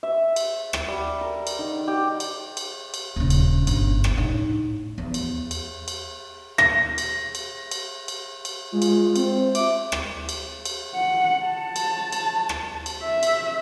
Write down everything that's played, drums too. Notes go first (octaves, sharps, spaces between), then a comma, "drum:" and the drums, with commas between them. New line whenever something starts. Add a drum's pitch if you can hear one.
E5
drum: cymbal
drum: rim click
G3
A#4
drum: cymbal
D#3
G4
drum: cymbal
drum: cymbal
drum: cymbal
D#1 C#3
drum: cymbal
G1 F#2, drum: cymbal
drum: rim click
A2 D#4
E2
drum: cymbal
drum: cymbal
drum: cymbal
A#6, drum: rim click
drum: cymbal
drum: cymbal
drum: cymbal
drum: cymbal
drum: cymbal
G#3 F4
drum: cymbal
C4, drum: cymbal
E5 D6, drum: cymbal
drum: rim click
drum: cymbal
drum: cymbal
F#5
A5
drum: cymbal
drum: cymbal
drum: rim click
drum: cymbal
E5
drum: cymbal